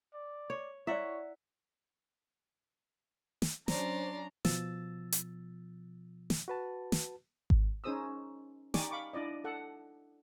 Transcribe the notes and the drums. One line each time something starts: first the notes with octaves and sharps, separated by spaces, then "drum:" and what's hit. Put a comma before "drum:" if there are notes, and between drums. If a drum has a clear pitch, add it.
D5
C#5
E4 C#5 D5 E5 F#5
drum: snare
F#3 C#4 D4 C5 D5 A#5 C6, drum: snare
B2 F3 E6 A6, drum: snare
drum: hi-hat
drum: snare
F#4 B4 A5
drum: snare
drum: kick G#1
C#4 D#4 G#4 C5 D#6 E6
D#4 G4 D5 G#5 C#6 D6, drum: snare
F5 B5 C#6 D6
D4 E4 D5 D#5
A4 F#5